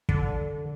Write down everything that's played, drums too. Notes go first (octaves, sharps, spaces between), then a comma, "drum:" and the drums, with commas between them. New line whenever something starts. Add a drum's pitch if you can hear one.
D3, drum: kick